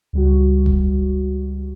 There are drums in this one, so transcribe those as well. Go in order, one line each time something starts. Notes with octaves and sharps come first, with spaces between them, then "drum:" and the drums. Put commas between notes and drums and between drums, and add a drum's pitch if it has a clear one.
C#2 G3 F#4
drum: kick E1